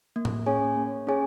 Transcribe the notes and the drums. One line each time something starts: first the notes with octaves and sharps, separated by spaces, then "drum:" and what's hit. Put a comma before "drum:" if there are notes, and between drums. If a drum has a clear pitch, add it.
A#3
drum: tom A2
C#4 G#4 C#5 G#5
A#3
C#4 G#4 C#5 G#5